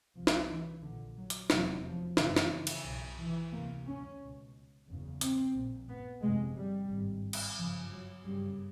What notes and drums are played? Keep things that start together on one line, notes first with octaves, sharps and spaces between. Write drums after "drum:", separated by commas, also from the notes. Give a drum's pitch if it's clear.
C2 C3 F3
drum: snare
E3
A#1 A#2 D3
F#3
drum: hi-hat
F1 E2 C3 F#3, drum: snare
F3
G1 F#2 C#3 E3, drum: snare
drum: snare
drum: cymbal
B1 B2
E3
D2 C3 A#3
C#4
C#2 B2
F#1 E2 C#3
C4, drum: hi-hat
A#1 A#2
B3
G1 F2 C3 G#3
G3
G#1 G2
drum: cymbal
G1 F#2 C#3 F3
F#3
G1 F#2 C#3 G3